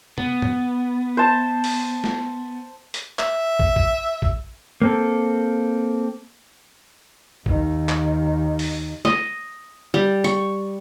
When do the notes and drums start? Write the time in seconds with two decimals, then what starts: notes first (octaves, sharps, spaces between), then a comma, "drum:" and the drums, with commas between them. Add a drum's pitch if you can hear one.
0.18 B3, drum: tom
0.42 drum: tom
1.17 C5 A5
1.64 drum: open hi-hat
2.04 drum: snare
2.94 drum: hi-hat
3.19 E5, drum: clap
3.59 drum: kick
3.76 drum: kick
4.22 drum: kick
4.82 A#3 C4 A4
7.46 D#2 D#3, drum: kick
7.89 drum: clap
8.59 drum: open hi-hat
9.05 D#5, drum: snare
9.94 G3
10.24 C#6, drum: tambourine